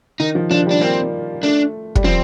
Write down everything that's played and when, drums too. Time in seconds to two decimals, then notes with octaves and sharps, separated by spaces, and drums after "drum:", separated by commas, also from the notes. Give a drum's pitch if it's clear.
0.20 D#3 D#4
0.35 F3
0.50 F3 D4
0.66 G3 D4
0.81 A#3 C4
1.43 A3 D4
1.95 G3, drum: kick
2.04 F3 C4